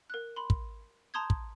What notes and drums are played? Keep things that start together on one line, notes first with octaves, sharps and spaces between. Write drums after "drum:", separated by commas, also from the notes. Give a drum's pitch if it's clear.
A#4 F#6
B5 C6
drum: kick
A5 A#5 C6 D#6 G6 G#6
drum: kick